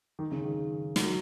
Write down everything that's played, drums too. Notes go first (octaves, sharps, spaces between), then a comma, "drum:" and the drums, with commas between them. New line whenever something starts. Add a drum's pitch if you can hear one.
D#3
C#3
D#3
F#3, drum: snare